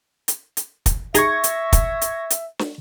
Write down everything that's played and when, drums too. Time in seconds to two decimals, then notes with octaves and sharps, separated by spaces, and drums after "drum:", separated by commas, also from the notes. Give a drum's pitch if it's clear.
0.28 drum: hi-hat
0.57 drum: hi-hat
0.86 drum: kick, hi-hat
1.15 D#4 G#4 E5 C#6 G#6 A#6, drum: hi-hat
1.44 drum: hi-hat
1.73 drum: kick, hi-hat
2.01 drum: hi-hat
2.30 drum: hi-hat
2.59 drum: snare